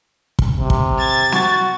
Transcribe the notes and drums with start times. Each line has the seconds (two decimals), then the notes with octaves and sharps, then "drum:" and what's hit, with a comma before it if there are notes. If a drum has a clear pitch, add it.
0.39 drum: kick
0.57 C3
0.70 drum: kick
0.97 G#6 A6
1.32 F#4, drum: snare